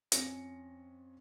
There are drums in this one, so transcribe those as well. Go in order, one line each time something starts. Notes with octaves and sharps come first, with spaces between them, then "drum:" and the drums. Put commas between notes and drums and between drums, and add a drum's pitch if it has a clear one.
F2 C#4 A#6 C#7, drum: hi-hat